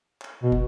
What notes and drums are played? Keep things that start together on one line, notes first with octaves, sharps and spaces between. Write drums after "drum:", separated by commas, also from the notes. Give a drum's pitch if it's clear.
drum: clap
B2
drum: kick